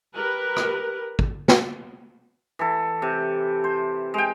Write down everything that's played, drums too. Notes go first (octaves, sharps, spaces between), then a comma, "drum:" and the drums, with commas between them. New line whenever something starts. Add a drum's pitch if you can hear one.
G4 A#4 B4
drum: rim click
drum: kick
drum: snare
E3 A4
C3
C5
G#3 G5